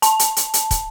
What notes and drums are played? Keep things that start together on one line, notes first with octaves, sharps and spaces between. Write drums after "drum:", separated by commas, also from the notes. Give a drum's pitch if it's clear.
A5, drum: hi-hat
drum: hi-hat
drum: hi-hat
drum: hi-hat
drum: kick, hi-hat